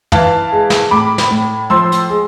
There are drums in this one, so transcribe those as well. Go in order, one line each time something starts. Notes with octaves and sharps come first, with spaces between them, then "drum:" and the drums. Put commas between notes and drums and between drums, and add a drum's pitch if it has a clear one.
E3 F5 A5, drum: tom
G#3
drum: snare
A2 B5 D6
drum: snare
A2
F3 C6 E6
drum: hi-hat
G#3